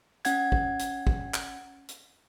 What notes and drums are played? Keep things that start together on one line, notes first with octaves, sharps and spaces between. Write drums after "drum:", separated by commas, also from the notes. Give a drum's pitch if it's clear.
C#4 F#5 G#6, drum: hi-hat
drum: kick
drum: hi-hat
drum: kick
drum: clap
drum: hi-hat